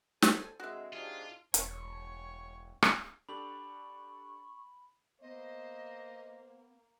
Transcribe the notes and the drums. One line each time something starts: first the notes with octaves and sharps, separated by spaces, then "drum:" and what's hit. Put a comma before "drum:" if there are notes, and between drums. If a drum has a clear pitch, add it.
D3 A4 C5 G#5, drum: snare
D3 G#3 C4 F#4 E5
A#1 F2 G#2 D4 F4 G4 G#4
E1 C#5, drum: hi-hat
drum: rim click
D4 G4 A4 B5 C#6 F#7
A#3 B3 C5 D#5